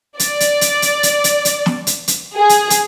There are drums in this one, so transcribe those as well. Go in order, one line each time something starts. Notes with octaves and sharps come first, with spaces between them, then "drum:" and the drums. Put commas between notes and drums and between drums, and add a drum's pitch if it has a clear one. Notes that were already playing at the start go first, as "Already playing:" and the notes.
D5, drum: hi-hat
drum: hi-hat
drum: hi-hat
drum: hi-hat
drum: hi-hat
drum: hi-hat
drum: hi-hat
drum: snare
drum: hi-hat
drum: hi-hat
G#4
drum: hi-hat
drum: hi-hat